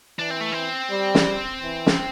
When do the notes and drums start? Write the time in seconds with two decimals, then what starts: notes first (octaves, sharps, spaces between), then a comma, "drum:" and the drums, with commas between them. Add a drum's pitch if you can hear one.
0.19 E3 D4
0.30 C4
0.41 A3
0.52 C4
0.91 G3
1.15 drum: snare
1.63 E3
1.86 drum: snare